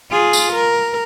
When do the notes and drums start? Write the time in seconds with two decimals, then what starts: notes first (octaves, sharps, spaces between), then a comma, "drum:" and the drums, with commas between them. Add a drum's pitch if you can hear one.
0.12 F4 G#4
0.33 drum: tambourine
0.53 A#4